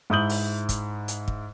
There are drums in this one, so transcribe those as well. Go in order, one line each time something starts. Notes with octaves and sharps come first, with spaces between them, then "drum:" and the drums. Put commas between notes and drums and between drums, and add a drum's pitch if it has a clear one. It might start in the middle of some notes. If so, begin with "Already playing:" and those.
G#2 E4 D#6 G6 F#7
drum: open hi-hat
drum: kick, hi-hat
drum: hi-hat
drum: kick